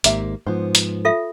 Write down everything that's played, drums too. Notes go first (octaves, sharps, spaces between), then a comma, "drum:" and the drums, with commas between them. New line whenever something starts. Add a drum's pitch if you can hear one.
G#1 G#2 A#3 G4 E5, drum: hi-hat
G#2 F3 B3 C5
drum: hi-hat
F4 A4 E5